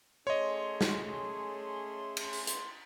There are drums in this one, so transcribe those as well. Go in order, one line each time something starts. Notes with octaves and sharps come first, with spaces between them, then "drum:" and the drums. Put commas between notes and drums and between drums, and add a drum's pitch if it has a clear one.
A3 C#4 G#4 C#5 D#5 C6
drum: snare
drum: cymbal
drum: open hi-hat
drum: hi-hat